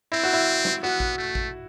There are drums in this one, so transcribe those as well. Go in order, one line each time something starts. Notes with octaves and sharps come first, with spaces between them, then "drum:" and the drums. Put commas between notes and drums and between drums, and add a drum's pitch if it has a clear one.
C4 E4
F#4
E4
drum: snare
B3 F#4
drum: kick A1
A3
drum: kick A1